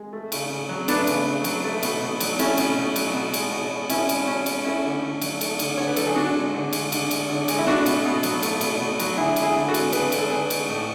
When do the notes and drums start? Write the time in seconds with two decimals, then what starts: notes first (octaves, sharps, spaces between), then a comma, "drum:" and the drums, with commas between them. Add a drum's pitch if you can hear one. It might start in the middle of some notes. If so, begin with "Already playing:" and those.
Already playing: G#3
0.13 A3
0.32 C#3, drum: cymbal
0.50 C#3
0.69 F#3
0.88 A3 B3 D4, drum: cymbal
1.07 C#3, drum: cymbal
1.26 C#3
1.44 F#3, drum: cymbal
1.64 A3
1.83 B2, drum: cymbal
2.02 B2
2.20 F#3, drum: cymbal
2.39 A3 C#4 E4, drum: cymbal
2.57 B2, drum: cymbal
2.77 B2
2.96 F#3, drum: cymbal
3.15 B2
3.34 G#3, drum: cymbal
3.52 B2
3.71 G#3
3.90 B2 C#4 E4, drum: cymbal
4.09 G#3, drum: cymbal
4.28 B2 C#4
4.46 G#3, drum: cymbal
4.65 A3 C#4 E4
4.84 D3
5.03 D3
5.22 F#3, drum: cymbal
5.41 A3, drum: cymbal
5.59 D3, drum: cymbal
5.78 D3 C#5
5.87 B4
5.96 F#3 A4, drum: cymbal
6.06 G#4
6.16 D3 D4 F#4
6.35 G#3
6.54 D3
6.73 G#3, drum: cymbal
6.92 D3, drum: cymbal
7.11 G#3, drum: cymbal
7.30 D3
7.48 G#3, drum: cymbal
7.59 E4
7.67 A3 D4 F#4
7.86 B2, drum: cymbal
8.05 B2
8.23 F#3, drum: cymbal
8.43 A3, drum: cymbal
8.61 B2, drum: cymbal
8.80 B2
8.99 F#3, drum: cymbal
9.18 D3 E4 G#4
9.36 G#3, drum: cymbal
9.42 E4 G#4
9.56 D3
9.69 F#4 A4
9.74 G#3, drum: cymbal
9.93 D3 G#4 B4, drum: cymbal
10.12 G#3, drum: cymbal
10.19 A4
10.30 D3 G#4 B4
10.50 G#3, drum: cymbal
10.68 A2